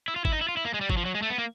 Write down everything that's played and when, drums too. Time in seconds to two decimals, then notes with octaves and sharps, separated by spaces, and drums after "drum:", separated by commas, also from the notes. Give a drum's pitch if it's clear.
0.08 E4
0.16 F4
0.25 E4, drum: kick G#1
0.32 D#4
0.41 E4
0.49 F4
0.57 E4
0.65 A#3
0.74 G#3
0.81 G3
0.90 F#3, drum: kick G#1
0.97 F3
1.05 F#3
1.15 G#3
1.22 A3
1.30 B3
1.38 A#3